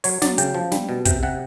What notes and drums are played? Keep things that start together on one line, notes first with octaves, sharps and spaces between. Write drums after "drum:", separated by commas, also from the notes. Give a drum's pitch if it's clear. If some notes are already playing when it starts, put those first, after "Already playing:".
F#3 C#5, drum: open hi-hat
F#3 D5, drum: snare
C#3 G5, drum: hi-hat
F3
G3, drum: snare
B2
C3 G5, drum: kick, hi-hat
C3 F#5